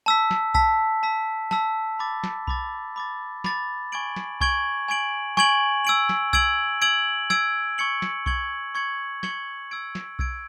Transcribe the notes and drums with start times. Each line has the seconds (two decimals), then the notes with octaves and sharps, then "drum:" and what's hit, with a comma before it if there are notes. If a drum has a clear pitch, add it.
0.06 A5 E6 B6
0.31 drum: snare
0.54 A5 E6 B6, drum: kick B1
1.03 A5 E6 B6
1.51 A5 E6 B6, drum: snare
1.99 B5 D6 A6
2.24 drum: snare
2.47 B5 D6 A6, drum: kick B1
2.96 B5 D6 A6
3.44 B5 D6 A6, drum: snare
3.92 G#5 C#6 G#6 D7 F#7
4.16 drum: snare
4.41 G#5 C#6 G#6 D7 F#7, drum: kick B1
4.88 G#5 C#6 G#6 D7 F#7
5.37 G#5 C#6 G#6 D7 F#7, drum: snare
5.85 E6 G#6 D7 F#7
6.09 drum: snare
6.33 E6 G#6 D7 F#7, drum: kick B1
6.82 E6 G#6 D7 F#7
7.30 E6 G#6 D7 F#7, drum: snare
7.78 C#6 G#6 C#7 F#7
8.02 drum: snare
8.26 C#6 G#6 C#7 F#7, drum: kick B1
8.75 C#6 G#6 C#7 F#7
9.23 C#6 G#6 C#7 F#7, drum: snare
9.71 E6 G#6 D7
9.95 drum: snare
10.19 E6 G#6 D7, drum: kick B1